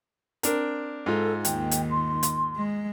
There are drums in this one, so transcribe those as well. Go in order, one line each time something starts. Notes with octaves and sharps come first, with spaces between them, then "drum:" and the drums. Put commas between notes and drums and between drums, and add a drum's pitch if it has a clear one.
C4 D4 A#4, drum: hi-hat
G#2 F4 A4
D#2 D#3 G5, drum: hi-hat
drum: hi-hat
C6
drum: hi-hat
G#3